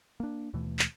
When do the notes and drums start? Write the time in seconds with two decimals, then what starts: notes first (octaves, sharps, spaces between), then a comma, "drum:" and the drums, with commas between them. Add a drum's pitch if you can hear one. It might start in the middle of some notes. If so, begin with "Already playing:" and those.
0.20 A#3 D4
0.54 D#2 B2 E3 A3
0.79 drum: clap